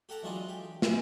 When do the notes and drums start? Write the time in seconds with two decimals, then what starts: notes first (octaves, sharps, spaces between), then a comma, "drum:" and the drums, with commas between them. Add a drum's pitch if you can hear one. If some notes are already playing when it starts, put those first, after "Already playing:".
0.09 G4 A4 F#5 A#5
0.23 E3 F#3 G#3 D4 F4 D#5
0.48 G4
0.82 F#2 G#3, drum: snare